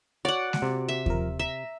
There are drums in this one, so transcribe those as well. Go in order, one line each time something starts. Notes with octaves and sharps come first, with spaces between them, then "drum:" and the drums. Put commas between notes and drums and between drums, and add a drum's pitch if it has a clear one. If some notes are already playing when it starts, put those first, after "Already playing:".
F#4 C#5 D5 F#5
drum: snare G#3
C3
E5
F3 A#4, drum: kick D#2
E5 A#5